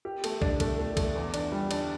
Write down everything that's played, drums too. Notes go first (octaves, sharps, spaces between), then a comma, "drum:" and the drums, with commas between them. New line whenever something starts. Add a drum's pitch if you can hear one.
G4
A3, drum: cymbal
D4, drum: kick
A3, drum: kick, cymbal
A3
A3, drum: kick, cymbal
E2
D4, drum: cymbal
G3
D4, drum: cymbal